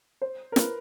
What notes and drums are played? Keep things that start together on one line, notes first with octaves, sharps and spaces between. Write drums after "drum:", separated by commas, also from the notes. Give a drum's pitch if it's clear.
C5
A#4
B4, drum: snare